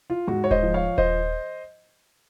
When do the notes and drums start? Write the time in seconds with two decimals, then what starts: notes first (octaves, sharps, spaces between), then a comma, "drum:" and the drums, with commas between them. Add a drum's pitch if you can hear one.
0.10 F4
0.28 G#2 F#4
0.44 C#5
0.51 C5 D#5, drum: kick D#1
0.63 F3
0.74 C#5 F5
0.98 C5 D#5, drum: kick D#1